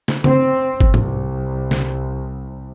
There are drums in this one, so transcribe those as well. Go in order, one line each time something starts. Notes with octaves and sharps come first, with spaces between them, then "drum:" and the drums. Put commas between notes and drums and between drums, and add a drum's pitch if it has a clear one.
drum: snare
C4, drum: tom
drum: kick
C2, drum: tom G#2
drum: snare